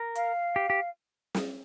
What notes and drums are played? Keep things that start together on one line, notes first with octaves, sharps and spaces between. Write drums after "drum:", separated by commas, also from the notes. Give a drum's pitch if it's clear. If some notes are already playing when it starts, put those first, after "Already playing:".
Already playing: A#4
F5, drum: hi-hat
G4
G4
drum: snare